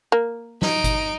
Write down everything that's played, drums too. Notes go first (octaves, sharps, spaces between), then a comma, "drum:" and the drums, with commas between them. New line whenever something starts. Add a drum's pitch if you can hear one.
A#3
D#4 D7, drum: snare
drum: kick G1, hi-hat